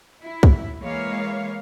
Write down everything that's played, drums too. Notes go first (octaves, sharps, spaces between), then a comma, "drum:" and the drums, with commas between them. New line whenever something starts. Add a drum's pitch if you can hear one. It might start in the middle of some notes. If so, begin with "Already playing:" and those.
E4
drum: kick C2
E3 G#3 A#3 C#5 F5